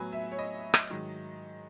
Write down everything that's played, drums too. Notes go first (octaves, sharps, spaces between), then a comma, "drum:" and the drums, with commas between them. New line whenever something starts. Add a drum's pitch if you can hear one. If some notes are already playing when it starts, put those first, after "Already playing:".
Already playing: A2 F#3 B3 G#5
E5
C#5
D#5
drum: rim click
G#2 D#3 F#3